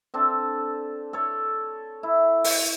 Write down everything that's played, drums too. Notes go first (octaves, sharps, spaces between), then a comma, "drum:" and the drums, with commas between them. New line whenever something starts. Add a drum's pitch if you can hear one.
C4 D4 A4
A4 C#5
E4
drum: open hi-hat